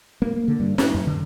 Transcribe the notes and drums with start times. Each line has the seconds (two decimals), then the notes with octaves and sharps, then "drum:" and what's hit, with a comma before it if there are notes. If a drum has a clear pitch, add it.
0.22 A#3
0.48 D3
0.60 G2
0.78 C#4, drum: snare
0.94 F#2
1.07 D3